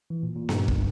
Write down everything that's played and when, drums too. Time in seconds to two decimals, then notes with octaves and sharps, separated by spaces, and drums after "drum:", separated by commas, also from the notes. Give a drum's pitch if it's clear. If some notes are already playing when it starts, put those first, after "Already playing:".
0.10 E3
0.23 A#2
0.36 A#2
0.49 G2, drum: snare B3
0.68 drum: kick